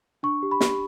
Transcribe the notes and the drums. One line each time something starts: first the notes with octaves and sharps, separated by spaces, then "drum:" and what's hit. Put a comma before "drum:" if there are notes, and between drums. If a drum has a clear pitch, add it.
D4 C#6
G4
B5
G4, drum: snare